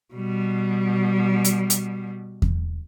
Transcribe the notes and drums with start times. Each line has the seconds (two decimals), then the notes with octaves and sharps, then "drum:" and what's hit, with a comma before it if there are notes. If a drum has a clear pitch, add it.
0.14 B2 G3
1.45 drum: hi-hat
1.70 drum: hi-hat
2.42 drum: kick E2